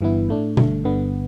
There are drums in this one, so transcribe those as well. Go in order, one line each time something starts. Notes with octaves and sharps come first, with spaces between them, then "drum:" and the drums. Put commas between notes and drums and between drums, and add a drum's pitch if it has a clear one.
G1 G2 E3 B3 E4
A2 A3 D4
G1 G2 D3 A3, drum: tom B2
G1 G2 D3 B3